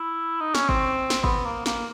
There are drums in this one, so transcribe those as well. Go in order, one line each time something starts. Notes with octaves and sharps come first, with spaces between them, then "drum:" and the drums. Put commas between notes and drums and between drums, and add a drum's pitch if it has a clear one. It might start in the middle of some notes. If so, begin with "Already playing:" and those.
Already playing: E4
D#4
C#4, drum: snare
C4, drum: kick G#1
drum: snare
B3, drum: kick G#1
A#3
A#3, drum: snare